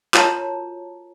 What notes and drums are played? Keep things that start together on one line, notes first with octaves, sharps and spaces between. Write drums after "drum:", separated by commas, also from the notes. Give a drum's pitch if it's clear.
F4 F#4 A#4 C#5 A5 A#5, drum: clap